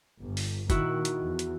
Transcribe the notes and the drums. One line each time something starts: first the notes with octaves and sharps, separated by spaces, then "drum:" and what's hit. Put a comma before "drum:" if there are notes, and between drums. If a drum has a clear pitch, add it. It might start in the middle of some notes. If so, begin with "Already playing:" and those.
G1
drum: open hi-hat
A#2 D#3 E4 F#4, drum: kick, hi-hat
drum: hi-hat
E2
drum: hi-hat